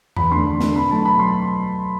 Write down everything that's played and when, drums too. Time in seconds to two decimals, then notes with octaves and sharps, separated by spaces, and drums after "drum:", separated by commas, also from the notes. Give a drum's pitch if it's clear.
0.16 E2 B5, drum: tom E2
0.31 D3 A3 D4 C6
0.46 E2
0.61 D3 A3 D4, drum: snare
0.75 B2 B5
0.91 F#3 A3 A5
1.05 B2 B5
1.19 F#3 C6